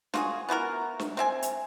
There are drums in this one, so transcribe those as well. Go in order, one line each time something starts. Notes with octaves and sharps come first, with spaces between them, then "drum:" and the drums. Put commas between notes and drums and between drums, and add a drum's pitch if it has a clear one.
F4 F#4 G#4, drum: snare
B3 E4 F#4 A#4
drum: snare
C4 E5 G#5
drum: hi-hat